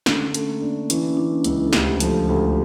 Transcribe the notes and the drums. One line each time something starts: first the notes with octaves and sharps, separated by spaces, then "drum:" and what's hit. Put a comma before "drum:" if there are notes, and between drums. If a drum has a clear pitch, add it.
D3 C#4, drum: snare
A3, drum: hi-hat
A#3
D4
E3 C#4, drum: hi-hat
E3 D4
C#2 E4, drum: hi-hat
A4
D2 G4, drum: snare
F3 A4, drum: hi-hat
A4
D2 G4